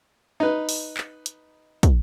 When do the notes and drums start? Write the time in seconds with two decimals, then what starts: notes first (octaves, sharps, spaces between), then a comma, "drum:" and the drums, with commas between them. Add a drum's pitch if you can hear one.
0.40 D#4 B4
0.69 drum: open hi-hat
0.97 drum: clap
1.26 drum: hi-hat
1.83 drum: kick, hi-hat